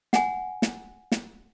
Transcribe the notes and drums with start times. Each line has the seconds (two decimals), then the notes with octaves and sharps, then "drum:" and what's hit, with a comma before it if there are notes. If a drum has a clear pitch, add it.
0.13 F#5 G#5, drum: snare
0.62 drum: snare
1.12 drum: snare